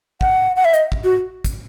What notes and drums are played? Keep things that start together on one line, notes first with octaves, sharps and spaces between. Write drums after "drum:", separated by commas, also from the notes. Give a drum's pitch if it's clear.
F#5, drum: kick
F#5
E5
D#5, drum: hi-hat
drum: kick
F#4
drum: kick, hi-hat